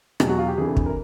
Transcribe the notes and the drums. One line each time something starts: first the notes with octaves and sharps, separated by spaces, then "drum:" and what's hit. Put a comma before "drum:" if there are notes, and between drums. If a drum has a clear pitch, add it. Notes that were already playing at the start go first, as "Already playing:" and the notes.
E2 B2 F#3 G4, drum: rim click
F#4
F4
G4
D2 C3 E3 G#4
A4
drum: kick
A#4